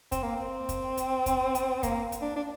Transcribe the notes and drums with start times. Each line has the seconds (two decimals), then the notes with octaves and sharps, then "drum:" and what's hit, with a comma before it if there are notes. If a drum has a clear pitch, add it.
0.12 C4, drum: kick, hi-hat
0.23 A#3
0.36 C4
0.69 drum: kick, hi-hat
0.97 drum: hi-hat
1.26 drum: kick, hi-hat
1.55 drum: hi-hat
1.83 A#3, drum: kick, hi-hat
2.12 drum: hi-hat
2.22 D4
2.36 D4